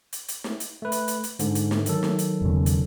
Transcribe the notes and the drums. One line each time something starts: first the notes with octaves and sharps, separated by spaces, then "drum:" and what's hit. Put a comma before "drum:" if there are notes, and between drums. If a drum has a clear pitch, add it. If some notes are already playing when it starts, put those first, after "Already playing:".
drum: hi-hat
drum: hi-hat
drum: snare
drum: hi-hat
A3 B4
drum: hi-hat
drum: hi-hat
drum: hi-hat
G#2 D3, drum: hi-hat
drum: hi-hat
drum: snare
D#3 F#3 A4, drum: hi-hat
drum: snare
drum: hi-hat
E1 C#3
drum: hi-hat